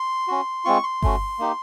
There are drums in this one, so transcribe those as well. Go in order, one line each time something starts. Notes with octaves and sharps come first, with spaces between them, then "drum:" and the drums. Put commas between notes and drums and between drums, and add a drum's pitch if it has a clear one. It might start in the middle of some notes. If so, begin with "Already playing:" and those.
Already playing: C6
C#4 F#4
G#3 C4 F4 C#6
C6
A3 C#4 F#4, drum: kick G1
A#3 D#4 G4